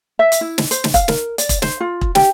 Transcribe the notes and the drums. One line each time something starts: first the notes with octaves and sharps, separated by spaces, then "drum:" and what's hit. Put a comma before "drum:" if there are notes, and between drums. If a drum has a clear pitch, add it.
E5
drum: hi-hat
E4
drum: snare
C5, drum: hi-hat
drum: snare
F5, drum: kick E1, hi-hat
A#4, drum: snare
D5, drum: hi-hat
drum: kick E1, hi-hat
C5, drum: snare
F4
drum: kick E1
G4, drum: snare